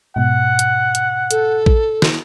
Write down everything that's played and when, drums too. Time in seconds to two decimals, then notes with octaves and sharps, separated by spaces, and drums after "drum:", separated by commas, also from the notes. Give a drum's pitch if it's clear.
0.16 G#2 B2 F#5
0.59 drum: hi-hat
0.95 drum: hi-hat
1.31 A4, drum: hi-hat
1.66 drum: kick A1
2.02 drum: snare